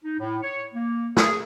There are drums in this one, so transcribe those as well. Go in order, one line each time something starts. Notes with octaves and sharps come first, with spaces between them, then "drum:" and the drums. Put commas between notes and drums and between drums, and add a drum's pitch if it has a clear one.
D#4
A2
C#5
A#3
G#4, drum: snare